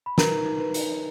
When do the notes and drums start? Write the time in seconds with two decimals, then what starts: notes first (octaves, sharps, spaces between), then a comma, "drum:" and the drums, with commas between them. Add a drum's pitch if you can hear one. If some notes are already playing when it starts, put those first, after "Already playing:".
0.06 B5
0.18 A#4 B4 A#5, drum: snare
0.32 D#4
0.46 D#4
0.61 B4
0.74 D#4, drum: hi-hat
0.90 D#4